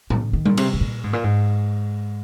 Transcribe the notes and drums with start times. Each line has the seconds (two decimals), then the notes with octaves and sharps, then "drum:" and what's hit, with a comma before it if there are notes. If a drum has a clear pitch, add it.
0.10 D#3, drum: tom A2
0.33 D#3
0.45 A#2, drum: tom G3
0.57 C3, drum: cymbal
0.73 C3
0.81 A#2
1.04 G#2
1.13 A#2
1.24 G#2